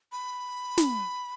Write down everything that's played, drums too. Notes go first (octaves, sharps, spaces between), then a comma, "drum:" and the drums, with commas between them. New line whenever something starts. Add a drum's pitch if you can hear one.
B5
drum: snare